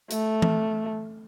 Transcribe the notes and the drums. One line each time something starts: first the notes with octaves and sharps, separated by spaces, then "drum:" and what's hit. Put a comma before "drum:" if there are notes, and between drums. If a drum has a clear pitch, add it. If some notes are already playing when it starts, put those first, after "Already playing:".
A3, drum: hi-hat
drum: tom E3